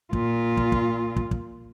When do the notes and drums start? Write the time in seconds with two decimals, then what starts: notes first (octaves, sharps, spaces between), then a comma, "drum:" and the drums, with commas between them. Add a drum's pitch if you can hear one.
0.13 A#2 F4, drum: kick
0.57 drum: kick
0.72 drum: kick
1.16 drum: kick
1.31 drum: kick